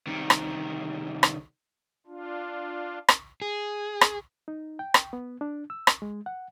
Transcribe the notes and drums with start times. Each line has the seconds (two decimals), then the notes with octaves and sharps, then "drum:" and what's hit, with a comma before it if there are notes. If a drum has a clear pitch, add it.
0.07 C2 D#3
0.30 drum: rim click
1.23 drum: rim click
2.07 D4 F4
3.09 drum: rim click
3.42 G#4
4.01 drum: rim click
4.48 D#4
4.79 G5
4.94 drum: rim click
5.13 B3
5.41 D4
5.70 E6
5.87 drum: rim click
6.02 G#3
6.26 F#5